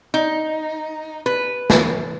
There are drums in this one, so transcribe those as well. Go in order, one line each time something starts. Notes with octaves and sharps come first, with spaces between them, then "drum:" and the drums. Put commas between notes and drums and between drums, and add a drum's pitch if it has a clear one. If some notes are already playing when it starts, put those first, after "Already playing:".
D#4
B4
drum: snare